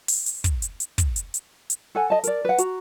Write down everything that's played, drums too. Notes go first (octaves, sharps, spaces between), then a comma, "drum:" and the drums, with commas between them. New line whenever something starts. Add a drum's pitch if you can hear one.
drum: open hi-hat
drum: hi-hat
drum: kick, hi-hat
drum: hi-hat
drum: hi-hat
drum: kick, hi-hat
drum: hi-hat
drum: hi-hat
drum: hi-hat
A4 F#5 G#5
D#5 A5
A#4 D5, drum: hi-hat
B4 F#5
F#4 A#5, drum: hi-hat